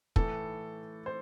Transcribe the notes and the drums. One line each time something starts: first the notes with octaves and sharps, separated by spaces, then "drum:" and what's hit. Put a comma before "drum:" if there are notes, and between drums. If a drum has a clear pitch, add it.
A2 E3 A4, drum: kick
C5